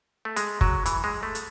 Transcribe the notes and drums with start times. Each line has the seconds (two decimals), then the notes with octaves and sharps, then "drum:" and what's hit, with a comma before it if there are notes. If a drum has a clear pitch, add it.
0.25 A3
0.36 G#3, drum: hi-hat
0.61 F#3, drum: kick
0.86 E3, drum: hi-hat
1.04 G#3
1.23 A3
1.35 drum: hi-hat